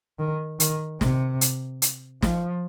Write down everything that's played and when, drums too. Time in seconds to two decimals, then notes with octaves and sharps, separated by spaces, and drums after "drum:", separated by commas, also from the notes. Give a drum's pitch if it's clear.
0.19 D#3
0.60 D#3, drum: hi-hat
1.01 C3, drum: snare
1.41 drum: hi-hat
1.82 drum: hi-hat
2.22 F3, drum: snare